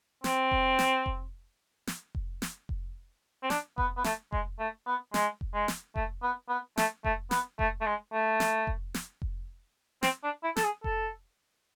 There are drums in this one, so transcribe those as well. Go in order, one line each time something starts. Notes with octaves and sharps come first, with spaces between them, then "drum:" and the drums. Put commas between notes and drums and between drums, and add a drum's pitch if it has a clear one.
C4, drum: snare
drum: kick F1
drum: snare
drum: kick F1
drum: snare
drum: kick F1
drum: snare
drum: kick F1
C4
D4, drum: snare
B3, drum: kick F1
B3
A3, drum: snare
G#3, drum: kick F1
A3
B3
G#3, drum: snare
drum: kick F1
G#3
drum: snare
A3, drum: kick F1
B3
B3
A3, drum: snare
A3, drum: kick F1
B3, drum: snare
A3, drum: kick F1
A3
G#3
A3
drum: snare
drum: kick F1
drum: snare
drum: kick F1
C4, drum: snare
D4
E4
A4, drum: snare
G#4
A4, drum: kick F1